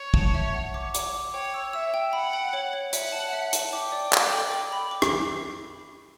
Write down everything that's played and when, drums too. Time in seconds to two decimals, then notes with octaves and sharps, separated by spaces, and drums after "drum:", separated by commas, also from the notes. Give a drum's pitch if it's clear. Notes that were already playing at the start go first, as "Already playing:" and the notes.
Already playing: C#5
0.14 A5, drum: kick
0.35 E5
0.54 F#5
0.74 D6
0.94 D6, drum: hi-hat
1.14 D6
1.33 C#5 G5
1.54 E6
1.73 E5 E6
1.94 G5
2.13 F#5 B5
2.33 G5
2.53 C#5
2.73 C#5
2.93 E5 F#5, drum: hi-hat
3.12 A5
3.33 E5
3.53 A5, drum: hi-hat
3.72 G5 D6
3.92 D5
4.13 D6, drum: clap
4.32 A4
4.52 D6
4.72 B5
4.91 D6
5.02 drum: rim click